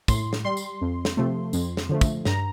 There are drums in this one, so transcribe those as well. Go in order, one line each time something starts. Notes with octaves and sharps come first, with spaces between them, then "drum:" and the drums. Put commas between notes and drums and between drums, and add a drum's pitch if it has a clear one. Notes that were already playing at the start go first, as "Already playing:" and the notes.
A2 C6, drum: kick, tambourine
drum: snare
G3 C6
drum: tambourine
F2
drum: snare
C3 F3 A3
F2, drum: tambourine
drum: snare
D3 F3 A3
drum: kick, tambourine
G2 A#5, drum: snare